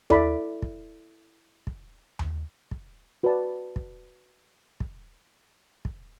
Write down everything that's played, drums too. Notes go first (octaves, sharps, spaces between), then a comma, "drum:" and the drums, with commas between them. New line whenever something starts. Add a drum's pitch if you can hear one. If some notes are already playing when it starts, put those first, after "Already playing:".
E4 A4 D5 B5, drum: tom D#2
drum: kick
drum: kick
drum: tom D#2
drum: kick
F#4 B4 D5 A5
drum: kick
drum: kick
drum: kick